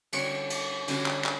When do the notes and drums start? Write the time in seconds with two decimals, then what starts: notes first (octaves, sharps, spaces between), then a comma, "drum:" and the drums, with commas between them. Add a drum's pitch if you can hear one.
0.13 D3 G3 C#4 F#4 C#5, drum: cymbal
0.50 drum: cymbal
0.88 D3 G3 C#4 F#4 C#5, drum: cymbal
1.06 drum: clap
1.25 drum: clap